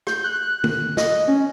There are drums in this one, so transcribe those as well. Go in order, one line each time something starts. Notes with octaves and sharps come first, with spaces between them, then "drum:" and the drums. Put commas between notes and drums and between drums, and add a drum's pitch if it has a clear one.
G6, drum: rim click
F#6
drum: tom
D#5, drum: snare
C#4